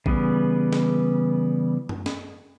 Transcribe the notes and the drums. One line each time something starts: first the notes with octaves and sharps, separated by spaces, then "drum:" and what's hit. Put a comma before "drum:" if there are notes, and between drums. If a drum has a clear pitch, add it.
C#3 E3 G3 B3, drum: kick A1
drum: snare
drum: tom F#2
drum: snare